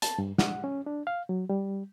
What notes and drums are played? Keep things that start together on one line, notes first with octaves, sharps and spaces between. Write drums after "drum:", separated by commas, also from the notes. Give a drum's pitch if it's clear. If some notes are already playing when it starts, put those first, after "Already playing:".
A5, drum: hi-hat
G2
F#5, drum: snare
C#4
D4
F5
F#3
G3